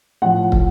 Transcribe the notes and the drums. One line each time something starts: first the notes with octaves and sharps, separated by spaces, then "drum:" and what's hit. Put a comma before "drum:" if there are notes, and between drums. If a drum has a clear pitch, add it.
A2 F3 F#5
drum: kick